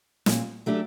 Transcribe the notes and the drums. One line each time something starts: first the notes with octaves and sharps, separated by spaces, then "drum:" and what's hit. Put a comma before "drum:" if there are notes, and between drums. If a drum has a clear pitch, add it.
A#2, drum: snare
F#3 A3 D4 G4